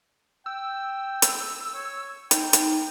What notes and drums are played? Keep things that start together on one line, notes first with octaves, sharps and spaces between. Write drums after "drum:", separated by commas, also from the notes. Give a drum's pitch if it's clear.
G5 E6
drum: hi-hat
C#5
D#4 G5, drum: hi-hat
drum: hi-hat